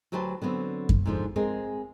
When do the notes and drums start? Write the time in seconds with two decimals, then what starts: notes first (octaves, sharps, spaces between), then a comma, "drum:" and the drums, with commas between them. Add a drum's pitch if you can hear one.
0.12 D2 F#3 G4 B4 C5 A5
0.42 D3 F#3 B3 C4
0.89 drum: kick F#2
1.06 G#2 D3 F3
1.36 G#3 C4 G#4 A#4